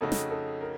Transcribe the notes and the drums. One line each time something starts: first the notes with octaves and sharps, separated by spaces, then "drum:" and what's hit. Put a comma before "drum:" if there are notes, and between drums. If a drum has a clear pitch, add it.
F2 C#3 A3 D#4 F#4 A4
drum: snare
A4
A#4